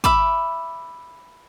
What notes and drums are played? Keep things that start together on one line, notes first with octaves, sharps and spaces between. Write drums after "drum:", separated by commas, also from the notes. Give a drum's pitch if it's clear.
E5 B5 D6, drum: kick